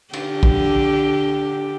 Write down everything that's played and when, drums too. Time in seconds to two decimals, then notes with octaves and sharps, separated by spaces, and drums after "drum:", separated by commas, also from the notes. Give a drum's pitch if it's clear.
0.13 D3 G4, drum: cymbal
0.43 drum: kick